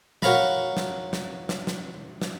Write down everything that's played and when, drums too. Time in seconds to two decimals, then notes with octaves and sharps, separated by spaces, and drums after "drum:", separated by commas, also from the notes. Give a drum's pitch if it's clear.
0.22 F#4 A#4 C#5 F5 A#5 B5, drum: snare
0.77 drum: snare
1.13 drum: snare
1.49 drum: snare
1.67 drum: snare
2.22 drum: snare